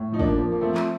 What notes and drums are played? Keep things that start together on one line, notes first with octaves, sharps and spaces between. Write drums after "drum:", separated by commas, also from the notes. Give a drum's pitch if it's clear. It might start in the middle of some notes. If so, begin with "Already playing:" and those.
Already playing: A2
F3 D#4
A#3 D4, drum: kick
F3 A#3
A#3
F3 A3 C4
drum: clap